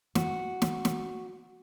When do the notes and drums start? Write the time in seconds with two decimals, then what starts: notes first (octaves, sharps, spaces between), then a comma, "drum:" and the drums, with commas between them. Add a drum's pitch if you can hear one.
0.15 F#4, drum: snare
0.62 drum: snare
0.85 drum: snare